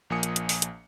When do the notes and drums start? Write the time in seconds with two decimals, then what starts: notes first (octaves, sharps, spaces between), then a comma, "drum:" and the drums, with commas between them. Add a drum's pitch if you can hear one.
0.10 A#1 F3 A#3 G#5 D#6 C#7
0.23 drum: hi-hat
0.36 drum: hi-hat
0.49 drum: open hi-hat
0.62 drum: hi-hat